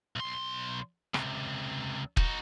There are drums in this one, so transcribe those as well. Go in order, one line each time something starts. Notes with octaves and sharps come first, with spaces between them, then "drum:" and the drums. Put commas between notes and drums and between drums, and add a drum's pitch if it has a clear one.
B1 C6
C#2 C3, drum: rim click
D#4 F#4, drum: kick